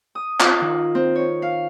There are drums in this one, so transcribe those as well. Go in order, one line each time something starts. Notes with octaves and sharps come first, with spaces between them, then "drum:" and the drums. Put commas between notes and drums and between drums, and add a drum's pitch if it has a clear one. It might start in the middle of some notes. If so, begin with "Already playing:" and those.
D#6
F4, drum: clap
D#3
C4
C#5
F5